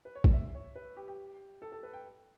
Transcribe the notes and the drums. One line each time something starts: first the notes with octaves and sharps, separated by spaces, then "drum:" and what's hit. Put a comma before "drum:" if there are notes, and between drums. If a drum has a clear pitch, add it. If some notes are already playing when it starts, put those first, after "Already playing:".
B4
C#5
D5, drum: kick A#1
E5
C#5
B4
G4
G4
A4
A4
B4
G5